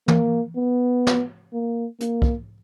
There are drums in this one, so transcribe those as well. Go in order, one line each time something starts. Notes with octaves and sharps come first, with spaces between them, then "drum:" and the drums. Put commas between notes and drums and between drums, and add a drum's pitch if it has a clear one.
A#3, drum: tom
B3
drum: snare
A#3
A#3, drum: hi-hat
drum: kick